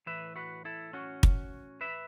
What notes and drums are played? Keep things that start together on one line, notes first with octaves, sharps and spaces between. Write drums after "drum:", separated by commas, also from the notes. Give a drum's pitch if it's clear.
A2 E3 B4 E5
F#4 B4
E4 A4
C#4 F#4
drum: kick
B4 E5